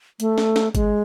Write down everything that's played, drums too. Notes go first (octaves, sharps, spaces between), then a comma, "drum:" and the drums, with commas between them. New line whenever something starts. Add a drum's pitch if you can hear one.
A3, drum: hi-hat
drum: snare
drum: snare
G#3, drum: kick, hi-hat